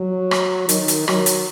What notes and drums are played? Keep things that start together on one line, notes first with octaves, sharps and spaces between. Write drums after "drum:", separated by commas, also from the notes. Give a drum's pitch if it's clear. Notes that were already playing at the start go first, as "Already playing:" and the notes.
Already playing: F#3
drum: rim click
D#3, drum: hi-hat
drum: hi-hat
F#3, drum: rim click
drum: hi-hat